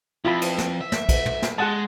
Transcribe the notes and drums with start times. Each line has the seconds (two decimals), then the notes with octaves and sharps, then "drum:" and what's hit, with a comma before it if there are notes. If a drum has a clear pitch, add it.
0.25 F2 E4 F4 B5
0.41 drum: cymbal
0.58 drum: snare
0.81 E5
0.92 drum: snare
1.09 drum: kick, cymbal
1.26 drum: tom
1.42 drum: snare
1.58 G#3 G#4 F#5 A5